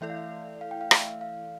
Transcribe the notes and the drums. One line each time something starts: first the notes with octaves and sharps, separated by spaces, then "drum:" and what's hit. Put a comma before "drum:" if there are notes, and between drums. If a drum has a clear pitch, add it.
E3 A3 E4 A4 D5 E5
F5
E5
F5
G5
F5
E5, drum: rim click
F5